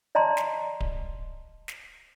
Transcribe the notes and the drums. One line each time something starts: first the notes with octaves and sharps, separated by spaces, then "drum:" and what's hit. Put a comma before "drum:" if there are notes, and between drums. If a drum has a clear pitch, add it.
D5 D#5 A5 A#5 C6
drum: snare
drum: kick D1
drum: snare